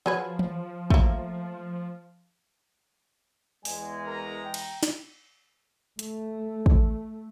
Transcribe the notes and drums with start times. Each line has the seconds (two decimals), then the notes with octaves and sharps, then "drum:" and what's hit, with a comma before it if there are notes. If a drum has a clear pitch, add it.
0.06 F3 F#3 G#4 B4
0.39 drum: tom E3
0.90 A3 A#3, drum: kick
3.65 E2 G#3 G#5, drum: open hi-hat
4.07 A#4 A#5
4.44 G5
4.54 drum: cymbal
4.83 drum: snare
5.99 A3, drum: hi-hat
6.66 drum: kick